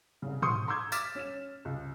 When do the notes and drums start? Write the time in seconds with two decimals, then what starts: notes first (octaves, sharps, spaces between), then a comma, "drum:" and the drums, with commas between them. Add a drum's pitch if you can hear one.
0.22 C2 C#3
0.42 C6 C#6 D#6 G6 C#7, drum: tom
0.68 A#5 C6 D6 E6 G6 G#6
0.92 D6 F6 A6 B6 E7, drum: tambourine
1.15 C#4 E7
1.65 C#2